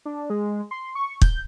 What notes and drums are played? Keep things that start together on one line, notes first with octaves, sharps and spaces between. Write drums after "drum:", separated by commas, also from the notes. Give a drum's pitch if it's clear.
D4
G#3
C6
C#6
G6, drum: kick